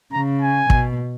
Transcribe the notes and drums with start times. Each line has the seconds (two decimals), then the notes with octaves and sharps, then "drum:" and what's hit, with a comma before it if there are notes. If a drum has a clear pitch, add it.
0.13 C#3 A#5
0.42 G#5
0.70 B2, drum: kick